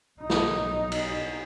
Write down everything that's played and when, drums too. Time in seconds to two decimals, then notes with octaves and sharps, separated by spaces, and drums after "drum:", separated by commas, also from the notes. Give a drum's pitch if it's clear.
0.20 B1 D#4
0.30 drum: snare
0.92 drum: cymbal